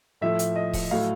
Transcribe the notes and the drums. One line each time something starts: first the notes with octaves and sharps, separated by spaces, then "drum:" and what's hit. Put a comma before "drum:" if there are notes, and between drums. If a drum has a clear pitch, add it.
A2 F3 A3 E5
drum: hi-hat
D#5
drum: kick D#1, open hi-hat
A2 F#3 A3 F5